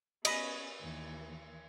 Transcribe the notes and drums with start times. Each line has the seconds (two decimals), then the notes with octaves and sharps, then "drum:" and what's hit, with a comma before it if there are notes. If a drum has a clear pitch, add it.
0.25 B3 C#4 D#5 B5, drum: cymbal
0.81 D#2 E3